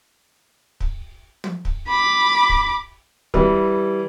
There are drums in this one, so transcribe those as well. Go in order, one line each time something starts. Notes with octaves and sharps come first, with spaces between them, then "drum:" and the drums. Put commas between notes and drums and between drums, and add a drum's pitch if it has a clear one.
drum: kick
drum: tom
drum: kick
B5 D6
drum: kick
E3 G3, drum: kick